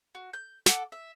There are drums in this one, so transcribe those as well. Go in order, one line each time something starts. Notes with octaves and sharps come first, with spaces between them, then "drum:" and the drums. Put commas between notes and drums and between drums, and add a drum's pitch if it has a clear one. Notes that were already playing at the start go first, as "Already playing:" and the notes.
F#4
G6
A4 F#5 D6, drum: snare
E5